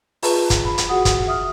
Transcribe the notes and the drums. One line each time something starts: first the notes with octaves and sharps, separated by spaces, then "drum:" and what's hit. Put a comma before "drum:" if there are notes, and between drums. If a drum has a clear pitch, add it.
F4 G#4 B4 A5 A#5 C#6, drum: open hi-hat
drum: kick, hi-hat
B5
drum: hi-hat
F#4 G#4 F#5 D#6
drum: kick, hi-hat
E5 D#6 F6